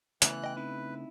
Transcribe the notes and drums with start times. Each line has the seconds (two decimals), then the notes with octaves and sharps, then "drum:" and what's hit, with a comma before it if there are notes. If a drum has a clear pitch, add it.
0.22 C#3 E3 A3 B3 F#6, drum: hi-hat
0.44 D#5 G5
0.56 C4 D#4 E4 B4